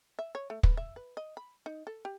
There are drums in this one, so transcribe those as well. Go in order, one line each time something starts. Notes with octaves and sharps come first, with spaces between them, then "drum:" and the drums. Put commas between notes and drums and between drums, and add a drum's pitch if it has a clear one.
E5
C#5
A3
B4, drum: kick
E5
B4
D#5
B5
D#4
A4
G4